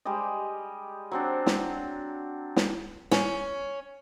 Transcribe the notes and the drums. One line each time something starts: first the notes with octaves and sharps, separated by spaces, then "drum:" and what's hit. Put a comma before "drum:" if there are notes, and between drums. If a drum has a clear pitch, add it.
G3 G#3 G4 D#5
F#3 C4 D4
drum: snare
drum: snare
C#4, drum: snare